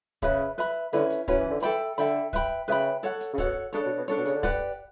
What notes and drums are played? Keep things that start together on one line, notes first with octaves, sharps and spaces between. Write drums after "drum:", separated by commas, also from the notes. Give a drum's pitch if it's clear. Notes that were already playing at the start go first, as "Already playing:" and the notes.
C#3 B4 E5 B5, drum: kick, hi-hat
B4 E5 B5, drum: hi-hat
D3 C#4 E4 B4, drum: hi-hat
drum: hi-hat
F#3 C#4 E4 B4, drum: kick, hi-hat
E3
D3
E3 A4 E5 G5 B5, drum: hi-hat
D3 A4 E5 G5 B5, drum: hi-hat
B4 E5 G5 B5, drum: kick, hi-hat
C#3 B4 E5 G5 B5, drum: hi-hat
A4 C#5 F#5, drum: hi-hat
drum: hi-hat
C#3
B2 A4 C#5 F#5, drum: kick, hi-hat
C#3 D4 A4 C#5, drum: hi-hat
B2
B2
C#3 D4 A4 C#5, drum: hi-hat
B2
C#3, drum: hi-hat
D3
G4 B4 D5 F#5, drum: kick, hi-hat